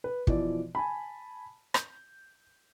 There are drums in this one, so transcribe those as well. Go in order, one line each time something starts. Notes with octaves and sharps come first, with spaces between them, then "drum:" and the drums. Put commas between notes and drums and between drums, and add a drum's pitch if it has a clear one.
B4
B2 E3 F3 D5, drum: kick
G#5 A5 B5
G6, drum: rim click